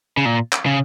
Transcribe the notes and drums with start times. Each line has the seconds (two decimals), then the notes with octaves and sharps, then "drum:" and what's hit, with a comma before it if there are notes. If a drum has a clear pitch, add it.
0.17 C#3
0.26 A#2
0.53 drum: clap
0.66 C#3